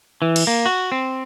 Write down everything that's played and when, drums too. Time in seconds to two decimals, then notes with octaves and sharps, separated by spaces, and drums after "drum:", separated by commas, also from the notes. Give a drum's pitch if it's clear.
0.22 E3
0.36 drum: cymbal
0.47 A#3
0.66 F#4
0.92 C4